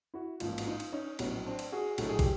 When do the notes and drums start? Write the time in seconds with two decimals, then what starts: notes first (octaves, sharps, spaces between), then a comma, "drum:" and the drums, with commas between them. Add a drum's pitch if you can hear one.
0.14 E4 F#4
0.40 A1 G#2 F3 A#3 D#4 F4, drum: cymbal
0.58 F#4, drum: cymbal
0.67 D#4 F4
0.80 drum: cymbal
0.92 C#4 D#4
1.19 A#1 A2 F#3 B3 C#4, drum: cymbal
1.46 C4 D4
1.59 drum: cymbal
1.72 F#4 G#4
1.98 A#1 A2 F#3 A4, drum: cymbal
2.09 G#4
2.19 G4, drum: kick, cymbal